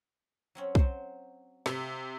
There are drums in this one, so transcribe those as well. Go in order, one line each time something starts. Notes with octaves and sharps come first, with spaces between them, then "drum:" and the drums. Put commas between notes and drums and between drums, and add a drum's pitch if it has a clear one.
F#3 C4 C#4
F#3 C5 C6, drum: kick
C3 A4 F5 B5, drum: snare